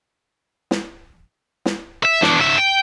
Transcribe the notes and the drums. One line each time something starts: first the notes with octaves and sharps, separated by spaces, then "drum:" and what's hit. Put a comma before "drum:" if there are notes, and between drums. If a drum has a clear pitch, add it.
drum: snare
drum: snare
E5
E2 D4, drum: snare
G#2 E5
G5